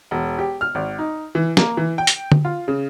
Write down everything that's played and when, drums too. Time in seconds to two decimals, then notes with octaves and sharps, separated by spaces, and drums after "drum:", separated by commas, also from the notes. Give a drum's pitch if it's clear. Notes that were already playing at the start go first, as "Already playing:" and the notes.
0.11 E1
0.38 G4
0.61 F6
0.75 G#1
0.99 D#4
1.35 E3
1.57 A#3, drum: snare
1.77 E3
1.98 G5
2.07 drum: hi-hat
2.32 drum: tom
2.45 F4
2.68 C#3